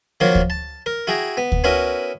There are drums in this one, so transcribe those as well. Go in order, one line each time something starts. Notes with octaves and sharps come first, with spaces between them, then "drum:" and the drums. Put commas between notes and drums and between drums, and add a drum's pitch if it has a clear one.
D#3 F3 F#3 A#3 A#4 C#5
drum: kick D2
A5
A#4
E4 F#4 G#4 G5 A#5
B3
drum: kick D2
B3 C#4 E4 F#4 A#4